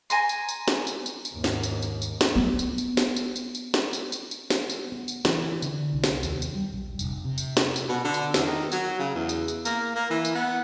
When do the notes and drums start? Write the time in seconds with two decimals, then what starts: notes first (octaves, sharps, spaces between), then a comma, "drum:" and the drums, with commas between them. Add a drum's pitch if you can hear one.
0.10 G#5 A#5 C6, drum: tambourine
0.29 drum: tambourine
0.48 drum: tambourine
0.68 drum: snare
0.87 drum: tambourine
1.06 drum: tambourine
1.25 drum: tambourine
1.34 D#2 G#2
1.44 drum: snare
1.63 drum: tambourine
1.82 drum: tambourine
2.02 drum: tambourine
2.21 drum: snare
2.36 B3 C4
2.59 drum: tambourine
2.78 drum: tambourine
2.97 drum: snare
3.16 drum: tambourine
3.36 drum: tambourine
3.55 drum: tambourine
3.74 drum: snare
3.93 drum: tambourine
4.12 drum: tambourine
4.31 drum: tambourine
4.50 drum: snare
4.70 drum: tambourine
4.92 B3
5.08 drum: tambourine
5.25 E3, drum: snare
5.62 D3, drum: tambourine
5.93 C2
6.04 drum: snare
6.23 D#2, drum: tambourine
6.42 drum: tambourine
6.55 G3
6.72 A#1
6.99 F1, drum: tambourine
7.25 C3
7.38 drum: tambourine
7.57 drum: snare
7.76 drum: tambourine
7.88 B2
8.05 D3
8.14 drum: tambourine
8.34 E2, drum: snare
8.46 D#3
8.72 F#3, drum: tambourine
8.99 C#3
9.15 E2
9.29 drum: tambourine
9.48 drum: tambourine
9.65 A#3, drum: tambourine
9.95 A#3
10.10 E3
10.25 drum: tambourine
10.35 B3